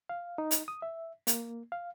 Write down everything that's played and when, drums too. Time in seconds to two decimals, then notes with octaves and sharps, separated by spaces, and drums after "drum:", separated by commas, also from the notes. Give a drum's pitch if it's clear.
0.09 F5
0.38 D#4
0.51 drum: hi-hat
0.68 D#6
0.82 E5
1.27 A#3, drum: hi-hat
1.72 F5